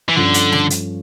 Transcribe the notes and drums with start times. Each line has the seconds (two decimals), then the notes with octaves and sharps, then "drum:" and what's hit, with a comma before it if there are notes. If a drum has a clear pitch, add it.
0.09 E3
0.16 G2 D3 F3 C#4 F4 A4
0.34 drum: hi-hat
0.52 drum: snare
0.70 drum: hi-hat